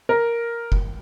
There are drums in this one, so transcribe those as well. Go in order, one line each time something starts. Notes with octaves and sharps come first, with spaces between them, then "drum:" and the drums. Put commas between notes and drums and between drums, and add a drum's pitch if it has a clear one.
A#4
drum: kick F#1